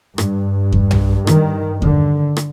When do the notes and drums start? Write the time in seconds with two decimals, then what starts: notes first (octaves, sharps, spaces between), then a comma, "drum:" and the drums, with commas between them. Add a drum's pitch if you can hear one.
0.18 G2, drum: rim click
0.72 drum: kick E2
0.91 drum: tom B1
1.27 D#3, drum: rim click
1.82 D3, drum: kick E2
2.37 drum: rim click